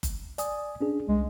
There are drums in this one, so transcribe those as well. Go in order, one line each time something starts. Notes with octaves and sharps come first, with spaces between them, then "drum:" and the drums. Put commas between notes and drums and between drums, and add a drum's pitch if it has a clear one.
drum: kick F#1, hi-hat
D5 G#5 D#6, drum: hi-hat
C#4 D4 G#4
C2 G#3